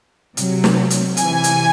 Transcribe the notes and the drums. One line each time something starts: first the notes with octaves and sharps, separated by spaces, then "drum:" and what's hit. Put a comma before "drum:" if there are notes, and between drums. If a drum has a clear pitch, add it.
C3 F#3, drum: hi-hat
drum: snare
drum: hi-hat
C3 E3 G#5, drum: hi-hat
drum: hi-hat